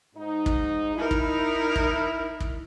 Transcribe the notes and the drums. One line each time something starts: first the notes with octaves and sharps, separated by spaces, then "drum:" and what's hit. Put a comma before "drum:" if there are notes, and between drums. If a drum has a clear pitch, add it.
G#2 D#4
drum: kick
D#4 E4 A#4
drum: kick
drum: kick
drum: kick